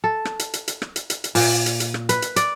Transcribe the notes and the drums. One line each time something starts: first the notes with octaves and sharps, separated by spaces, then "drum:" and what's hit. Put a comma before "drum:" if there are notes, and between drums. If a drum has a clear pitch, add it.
A4
drum: rim click
drum: hi-hat
drum: hi-hat
drum: hi-hat
drum: rim click
drum: hi-hat
drum: hi-hat
drum: hi-hat
A#2, drum: open hi-hat
drum: hi-hat
drum: hi-hat
drum: rim click
B4, drum: hi-hat
drum: hi-hat
D5, drum: hi-hat